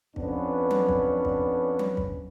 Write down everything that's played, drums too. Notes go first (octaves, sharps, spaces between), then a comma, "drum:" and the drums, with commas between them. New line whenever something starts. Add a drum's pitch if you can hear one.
F2 B3 C#4 D4 B4, drum: kick
drum: tom F#3
drum: kick
drum: kick
drum: tom F#3
drum: kick